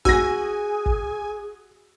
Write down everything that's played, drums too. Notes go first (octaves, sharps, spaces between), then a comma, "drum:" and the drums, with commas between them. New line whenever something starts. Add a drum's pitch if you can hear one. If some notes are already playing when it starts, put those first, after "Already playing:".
F#4 G#4 G#5 E6 A#6, drum: kick
drum: kick